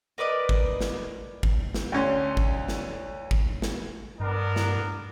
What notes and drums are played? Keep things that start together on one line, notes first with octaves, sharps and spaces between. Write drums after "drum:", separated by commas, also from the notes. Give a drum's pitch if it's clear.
A#4 B4 D5 D#5
drum: kick
drum: snare
drum: kick
drum: snare
D2 C#4 C6
drum: kick
drum: snare
drum: kick
drum: snare
G2 B3 D4 A#4
drum: snare